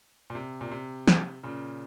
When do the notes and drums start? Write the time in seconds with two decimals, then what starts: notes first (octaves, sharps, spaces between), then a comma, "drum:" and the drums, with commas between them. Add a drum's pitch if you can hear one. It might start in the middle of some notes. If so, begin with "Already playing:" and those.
0.30 A#2
0.35 C3
0.61 A#2
0.71 C3
1.08 drum: snare
1.43 A#2 C#3